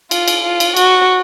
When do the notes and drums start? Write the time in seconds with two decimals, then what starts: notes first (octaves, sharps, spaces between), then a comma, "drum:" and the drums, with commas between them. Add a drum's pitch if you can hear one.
0.11 F4, drum: cymbal
0.28 drum: cymbal
0.44 F4
0.60 drum: cymbal
0.76 F#4, drum: cymbal